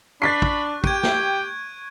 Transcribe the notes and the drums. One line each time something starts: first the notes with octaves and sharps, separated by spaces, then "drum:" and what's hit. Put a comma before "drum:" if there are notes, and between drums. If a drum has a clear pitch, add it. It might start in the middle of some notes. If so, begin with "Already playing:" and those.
D4 B5 C#6 F#6 A6 B6 C7
drum: kick
G4 G5 G#6 D7 D#7, drum: kick
drum: snare